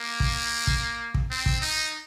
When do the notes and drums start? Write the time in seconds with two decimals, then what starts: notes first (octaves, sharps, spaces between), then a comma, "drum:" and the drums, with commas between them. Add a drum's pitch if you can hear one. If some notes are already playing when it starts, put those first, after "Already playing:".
Already playing: A#3
0.20 drum: kick
0.67 drum: kick
1.14 drum: kick
1.31 C4
1.46 drum: kick
1.61 D#4